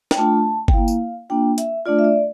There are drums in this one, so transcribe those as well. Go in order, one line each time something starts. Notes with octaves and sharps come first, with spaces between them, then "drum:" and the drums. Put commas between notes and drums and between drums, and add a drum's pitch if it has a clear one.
G5, drum: snare
A3 D4 F4 A5
G5, drum: kick G1
A#3 E4 F5
drum: tambourine
A#3 D4 F4 G5
E5, drum: hi-hat
A3 D4 F4 D5
E5
D5